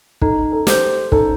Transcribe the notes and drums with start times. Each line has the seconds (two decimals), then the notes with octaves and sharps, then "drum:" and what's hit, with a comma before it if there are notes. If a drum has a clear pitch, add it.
0.21 D#4 A4, drum: kick
0.52 A4
0.67 G4 C5, drum: snare
1.12 D#4 A4, drum: kick